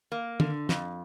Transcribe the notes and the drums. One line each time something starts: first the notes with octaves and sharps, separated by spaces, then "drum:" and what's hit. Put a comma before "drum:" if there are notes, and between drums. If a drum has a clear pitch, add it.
A#3
D3, drum: tom
F2, drum: snare